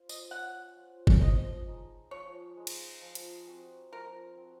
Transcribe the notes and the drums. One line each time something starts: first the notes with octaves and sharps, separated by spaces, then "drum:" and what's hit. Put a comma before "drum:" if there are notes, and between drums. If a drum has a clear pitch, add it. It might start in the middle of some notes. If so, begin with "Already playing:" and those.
Already playing: F4 C5
D#5, drum: tambourine
C#4 F#5
F4 C5
drum: kick F#1
F3 D#5
G#3 D#4
F3 C#5
G#3 D#4
drum: cymbal
F3
drum: hi-hat
C4 F#4
F3 A#4
C4 F#4